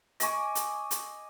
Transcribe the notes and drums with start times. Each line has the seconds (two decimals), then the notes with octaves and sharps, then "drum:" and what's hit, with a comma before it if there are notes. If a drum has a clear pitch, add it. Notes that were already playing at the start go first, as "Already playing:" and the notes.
0.20 D#5 G#5 C#6 D6, drum: hi-hat
0.55 drum: hi-hat
0.91 drum: hi-hat